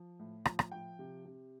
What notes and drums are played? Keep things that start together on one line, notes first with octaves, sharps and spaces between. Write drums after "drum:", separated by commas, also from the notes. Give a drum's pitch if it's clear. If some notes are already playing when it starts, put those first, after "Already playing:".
Already playing: F3
A2
F3, drum: rim click
drum: rim click
F3 G5
C3
C3